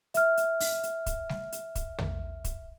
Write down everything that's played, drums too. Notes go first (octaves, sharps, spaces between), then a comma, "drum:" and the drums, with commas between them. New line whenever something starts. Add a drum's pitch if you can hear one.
E5 F6, drum: hi-hat
drum: hi-hat
drum: open hi-hat
drum: hi-hat
drum: kick, hi-hat
drum: snare G3
drum: hi-hat
drum: kick, hi-hat
drum: tom
drum: kick, hi-hat